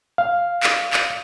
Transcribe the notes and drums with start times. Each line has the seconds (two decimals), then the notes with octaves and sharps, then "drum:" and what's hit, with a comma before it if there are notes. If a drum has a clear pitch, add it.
0.18 F5
0.63 drum: clap
0.93 drum: clap